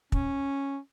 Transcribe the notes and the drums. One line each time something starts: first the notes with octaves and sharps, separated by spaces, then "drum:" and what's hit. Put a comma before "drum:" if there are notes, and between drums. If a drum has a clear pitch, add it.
C#4, drum: kick